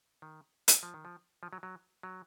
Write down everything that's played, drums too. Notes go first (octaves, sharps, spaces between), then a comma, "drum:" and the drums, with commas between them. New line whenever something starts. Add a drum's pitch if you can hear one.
D#3
drum: hi-hat
F3
D#3
F3
F3
F#3
F#3
F#3